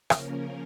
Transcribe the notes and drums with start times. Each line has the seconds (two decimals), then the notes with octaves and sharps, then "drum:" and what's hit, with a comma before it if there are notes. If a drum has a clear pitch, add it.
0.10 C#3 F3 A#3 C#4 A#4, drum: rim click